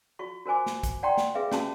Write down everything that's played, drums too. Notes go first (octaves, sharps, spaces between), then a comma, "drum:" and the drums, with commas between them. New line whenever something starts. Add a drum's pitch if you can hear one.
F4 F#4 C#6
F#4 A#4 C5 G#5 D6
drum: snare
drum: kick, hi-hat
D5 F#5 G5 A#5 C6 C#6
drum: snare
G#4 B4 E5 F5
C#4 F#4 G4 A5 D#6, drum: snare